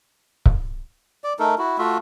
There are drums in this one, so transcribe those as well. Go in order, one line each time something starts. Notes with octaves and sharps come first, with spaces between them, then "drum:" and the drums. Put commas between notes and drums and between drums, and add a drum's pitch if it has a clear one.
drum: kick C#1
D5
A3 D#4 A4 A#4
E4 F#4
A3 F4 F#4 E5